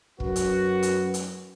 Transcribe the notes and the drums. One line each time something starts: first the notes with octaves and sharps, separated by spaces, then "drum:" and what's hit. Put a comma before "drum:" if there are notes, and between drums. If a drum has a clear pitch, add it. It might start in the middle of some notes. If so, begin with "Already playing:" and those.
F#2 F#4 B4, drum: kick
drum: hi-hat
drum: hi-hat
drum: hi-hat